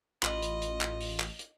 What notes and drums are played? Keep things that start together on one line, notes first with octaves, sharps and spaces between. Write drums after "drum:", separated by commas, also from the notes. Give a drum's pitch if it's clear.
A1 F4 D#5 B5, drum: clap
drum: hi-hat
drum: hi-hat
drum: clap
drum: open hi-hat
drum: clap
drum: hi-hat